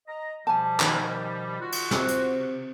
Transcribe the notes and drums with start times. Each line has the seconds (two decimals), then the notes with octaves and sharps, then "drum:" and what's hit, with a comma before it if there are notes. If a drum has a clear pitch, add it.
0.07 D#5 A#5
0.47 B2 F3 G3 G#5 A5
0.80 D#3 B5, drum: clap
1.60 F4 F#4
1.72 drum: cymbal
1.91 C3, drum: snare
2.08 drum: hi-hat